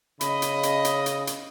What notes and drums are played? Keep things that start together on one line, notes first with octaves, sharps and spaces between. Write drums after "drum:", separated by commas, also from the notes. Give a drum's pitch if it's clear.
C#3 D#5 B5, drum: hi-hat
drum: hi-hat
drum: hi-hat
drum: hi-hat
drum: hi-hat
drum: hi-hat